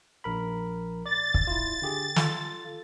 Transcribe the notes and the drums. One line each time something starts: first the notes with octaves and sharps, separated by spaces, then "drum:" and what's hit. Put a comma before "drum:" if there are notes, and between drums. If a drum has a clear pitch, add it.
A#1 A#4 B5
D5 A6
drum: kick
E4 F4
D3 G4 G#4
F4 A4, drum: snare